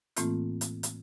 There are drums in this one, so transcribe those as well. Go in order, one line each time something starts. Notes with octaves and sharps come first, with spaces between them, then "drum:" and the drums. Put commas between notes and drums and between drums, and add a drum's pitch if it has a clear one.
A2 E3 A3 A#3 C4 F4, drum: hi-hat
drum: hi-hat
drum: hi-hat